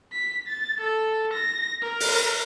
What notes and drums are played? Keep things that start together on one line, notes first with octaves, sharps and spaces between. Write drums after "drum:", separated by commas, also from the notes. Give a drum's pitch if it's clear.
B6
A6
A4
A#6
A#4
drum: open hi-hat